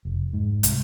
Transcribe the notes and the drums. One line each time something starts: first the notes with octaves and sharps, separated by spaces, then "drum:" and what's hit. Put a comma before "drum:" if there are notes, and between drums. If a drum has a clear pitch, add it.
F1
G#2
C2, drum: hi-hat